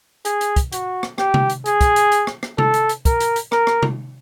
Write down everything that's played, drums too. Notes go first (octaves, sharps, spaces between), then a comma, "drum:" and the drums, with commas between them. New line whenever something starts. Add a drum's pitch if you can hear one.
G#4, drum: hi-hat
drum: hi-hat
drum: kick, hi-hat
F#4, drum: hi-hat
drum: rim click
G4, drum: rim click
drum: tom C3
drum: hi-hat
G#4, drum: hi-hat
drum: kick, hi-hat
drum: hi-hat
drum: hi-hat
drum: rim click
drum: rim click
A4, drum: tom C3
drum: hi-hat
drum: hi-hat
A#4, drum: kick, hi-hat
drum: hi-hat
drum: hi-hat
A#4, drum: rim click
drum: rim click
drum: tom C3